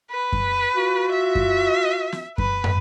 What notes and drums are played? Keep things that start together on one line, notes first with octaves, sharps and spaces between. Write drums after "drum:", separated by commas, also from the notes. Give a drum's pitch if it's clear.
B4
drum: kick F#2
F4 F#4
E5
drum: kick F#2
drum: snare
B4, drum: kick F#2
drum: tom